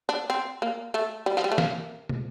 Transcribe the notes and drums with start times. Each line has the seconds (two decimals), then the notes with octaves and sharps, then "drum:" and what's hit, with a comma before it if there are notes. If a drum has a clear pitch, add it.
0.09 D4
0.30 C4
0.62 A#3
0.94 A3
1.26 G3
1.37 F3
1.44 G3
1.52 A3
1.58 A#3, drum: snare
2.09 drum: tom